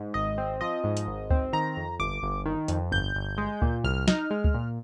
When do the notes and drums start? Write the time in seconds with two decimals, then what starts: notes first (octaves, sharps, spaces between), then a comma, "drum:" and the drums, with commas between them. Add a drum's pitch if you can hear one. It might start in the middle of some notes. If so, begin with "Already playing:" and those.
Already playing: G#2
0.14 G#1 D#5
0.38 C4
0.61 F3 D#5
0.84 G#2
0.97 drum: hi-hat
1.07 G#1
1.30 C4, drum: kick C#2
1.53 D#3 A#5
1.77 F2
1.99 G1 D6
2.23 G1
2.46 D#3
2.68 F2, drum: hi-hat
2.92 G1 G6
3.16 G1
3.38 G#3
3.62 A#2, drum: kick C#2
3.84 C2 F6
4.08 D#4, drum: snare
4.31 G#3
4.44 drum: kick C#2
4.54 A#2